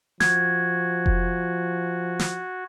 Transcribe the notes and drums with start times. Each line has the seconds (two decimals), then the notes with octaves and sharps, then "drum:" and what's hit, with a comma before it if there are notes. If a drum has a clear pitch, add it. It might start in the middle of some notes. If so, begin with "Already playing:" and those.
0.20 F3 F#4 G#6, drum: snare
1.06 drum: kick F1
2.19 drum: snare